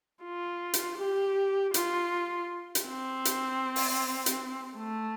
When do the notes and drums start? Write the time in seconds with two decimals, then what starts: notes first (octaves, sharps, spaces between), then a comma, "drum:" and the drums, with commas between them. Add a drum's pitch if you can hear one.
0.24 F4
0.74 drum: hi-hat
0.98 G4
1.74 F4, drum: hi-hat
2.75 drum: hi-hat
2.88 C4
3.25 drum: hi-hat
3.76 drum: open hi-hat
4.26 drum: hi-hat
4.77 A3